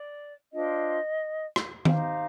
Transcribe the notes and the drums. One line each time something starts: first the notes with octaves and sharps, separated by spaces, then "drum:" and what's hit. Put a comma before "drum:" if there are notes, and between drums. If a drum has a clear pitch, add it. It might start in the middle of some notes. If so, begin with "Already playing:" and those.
Already playing: D5
D4 F4 C5 D#5
drum: rim click
D#4 G4 C5 F5, drum: tom D#3